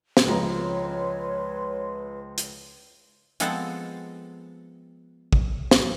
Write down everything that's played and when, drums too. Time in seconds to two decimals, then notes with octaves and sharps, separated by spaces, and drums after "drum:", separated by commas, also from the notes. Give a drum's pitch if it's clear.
0.17 drum: snare
0.26 C#2 F3 B4 C#5 A#5 C6
2.38 drum: hi-hat
3.40 F3 G#3 B3 C4 A4 F#5, drum: hi-hat
5.33 drum: kick
5.71 drum: snare